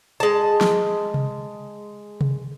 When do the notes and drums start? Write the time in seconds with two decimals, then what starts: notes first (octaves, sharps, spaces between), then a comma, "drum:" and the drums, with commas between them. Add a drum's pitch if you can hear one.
0.20 G#3 A5
0.61 drum: snare
1.14 drum: tom C3
2.21 drum: tom C3